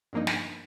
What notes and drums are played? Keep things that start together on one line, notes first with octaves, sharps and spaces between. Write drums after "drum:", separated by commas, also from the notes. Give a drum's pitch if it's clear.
G2 F3 A#3 D#4
drum: snare